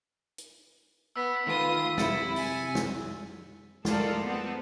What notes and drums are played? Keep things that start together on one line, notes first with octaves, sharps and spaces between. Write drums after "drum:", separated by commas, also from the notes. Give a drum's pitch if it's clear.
drum: hi-hat
B3 E6 B6
D#3 A3 F4 B4 D#6
C3 E4 A6 B6 C#7, drum: snare
G#5, drum: open hi-hat
drum: snare
G#3 A3 F4 A4 A#4 D5, drum: snare
B3 C4 A4